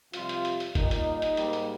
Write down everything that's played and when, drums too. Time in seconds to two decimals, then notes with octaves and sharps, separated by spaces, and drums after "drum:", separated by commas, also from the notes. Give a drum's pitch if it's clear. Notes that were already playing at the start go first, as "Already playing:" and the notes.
0.13 F2 C3 G3 F4, drum: hi-hat
0.29 drum: hi-hat
0.45 drum: hi-hat
0.60 drum: hi-hat
0.75 A#2 G3 A#3 D#4, drum: kick F#1, hi-hat
0.91 drum: hi-hat
1.22 drum: hi-hat
1.37 G#2 G3 A#3, drum: hi-hat
1.53 drum: hi-hat